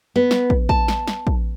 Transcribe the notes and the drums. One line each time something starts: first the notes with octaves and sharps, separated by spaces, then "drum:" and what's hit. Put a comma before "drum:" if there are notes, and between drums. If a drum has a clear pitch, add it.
B3
drum: snare
drum: kick
A5, drum: kick
drum: snare
drum: snare
drum: kick